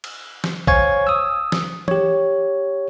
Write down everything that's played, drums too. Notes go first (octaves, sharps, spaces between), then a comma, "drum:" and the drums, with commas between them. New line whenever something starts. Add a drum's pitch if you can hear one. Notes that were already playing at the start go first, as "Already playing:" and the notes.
drum: cymbal
drum: snare
C5 C#5 F5 G#5 C#6 G#6, drum: kick A#1
D#6 E6
drum: snare
G4 C#5, drum: tom E3